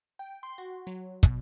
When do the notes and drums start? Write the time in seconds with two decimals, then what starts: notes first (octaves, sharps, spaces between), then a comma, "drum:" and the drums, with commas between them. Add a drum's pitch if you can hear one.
0.19 G5
0.43 C6
0.58 F#4
0.87 F#3
1.23 B2, drum: kick, hi-hat